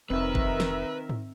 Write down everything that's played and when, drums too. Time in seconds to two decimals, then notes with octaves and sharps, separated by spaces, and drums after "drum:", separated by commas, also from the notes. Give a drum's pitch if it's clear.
0.10 F1 D#3 C4 A#4 B4 E5
0.35 drum: kick G1
0.60 drum: snare
1.09 drum: tom G#2